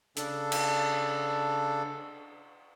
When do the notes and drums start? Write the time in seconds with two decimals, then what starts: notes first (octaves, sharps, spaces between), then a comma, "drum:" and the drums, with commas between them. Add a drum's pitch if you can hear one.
0.17 C#3 D4 A4, drum: hi-hat
0.52 drum: cymbal